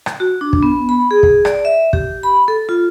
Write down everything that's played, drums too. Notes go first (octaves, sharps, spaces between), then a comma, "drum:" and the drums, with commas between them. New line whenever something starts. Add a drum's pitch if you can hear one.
drum: rim click
F#4
D4
drum: kick
B3
B5
G#4
drum: kick
D5, drum: rim click
E5
G4, drum: kick
B5
A4
F4